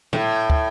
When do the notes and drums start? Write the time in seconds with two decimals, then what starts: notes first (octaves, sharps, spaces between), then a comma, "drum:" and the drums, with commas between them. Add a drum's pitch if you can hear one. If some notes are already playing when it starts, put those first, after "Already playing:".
0.13 A2, drum: tom A#2
0.50 drum: kick